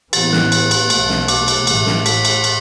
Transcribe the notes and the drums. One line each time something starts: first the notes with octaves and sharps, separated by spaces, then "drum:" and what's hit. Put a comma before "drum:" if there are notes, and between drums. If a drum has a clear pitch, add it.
A1 A2 E3 B3 A6, drum: cymbal
F#6, drum: snare
drum: cymbal
drum: cymbal
B1 B2 A3, drum: cymbal
drum: snare
D6, drum: cymbal
drum: cymbal
A1 A2 A3, drum: cymbal
drum: snare
B6, drum: cymbal
drum: cymbal
drum: cymbal